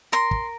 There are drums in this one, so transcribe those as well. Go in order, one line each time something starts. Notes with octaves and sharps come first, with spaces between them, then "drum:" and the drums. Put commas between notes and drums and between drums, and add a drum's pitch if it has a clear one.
A#4 C6
drum: kick